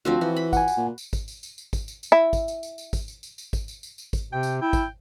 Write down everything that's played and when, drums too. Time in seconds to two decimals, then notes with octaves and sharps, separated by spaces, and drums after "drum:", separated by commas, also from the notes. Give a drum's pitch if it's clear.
0.05 D2 F3 C4 F#4
0.21 E3 F#4
0.37 B5
0.53 F#5 G#5, drum: kick, tambourine
0.68 drum: tambourine
0.77 A#2
0.98 drum: tambourine
1.13 drum: kick, tambourine
1.28 drum: tambourine
1.43 drum: tambourine
1.58 drum: tambourine
1.73 drum: kick, tambourine
1.88 drum: tambourine
2.03 drum: tambourine
2.12 E4
2.33 drum: kick, tambourine
2.48 drum: tambourine
2.63 drum: tambourine
2.78 drum: tambourine
2.93 drum: kick, tambourine
3.08 drum: tambourine
3.23 drum: tambourine
3.38 drum: tambourine
3.53 drum: kick, tambourine
3.68 drum: tambourine
3.83 drum: tambourine
3.98 drum: tambourine
4.13 drum: kick, tambourine
4.33 C3 G5
4.43 drum: tambourine
4.62 E4 G5
4.73 drum: kick, tambourine